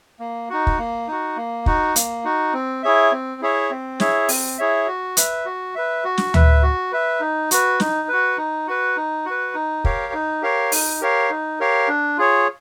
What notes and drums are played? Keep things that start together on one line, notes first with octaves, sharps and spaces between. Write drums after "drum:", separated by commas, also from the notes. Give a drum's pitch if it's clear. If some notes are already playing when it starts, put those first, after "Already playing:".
A#3
D#4 F#4
drum: kick
A#3
D#4 F#4
A#3
D#4 F#4, drum: kick
A#3, drum: hi-hat
D#4 F#4
C4
E4 G#4 C#5 E5
C4
E4 G#4 C#5 E5
C4
E4 G#4 C#5 E5, drum: snare
C4, drum: open hi-hat
E4 G#4 C#5 E5
F#4
B4 E5, drum: hi-hat
F#4
B4 E5
F#4
drum: snare
B4 E5, drum: tom D2
F#4
B4 E5
D#4
F#4 B4, drum: hi-hat
D#4, drum: snare
F#4 B4
D#4
F#4 B4
D#4
F#4 B4
D#4
G4 A#4 C#5 F5, drum: kick
D#4
G4 A#4 C#5 F5
D#4, drum: open hi-hat
G4 A#4 C#5 F5
D#4
G4 A#4 C#5 F5
D4
F4 G#4 C#5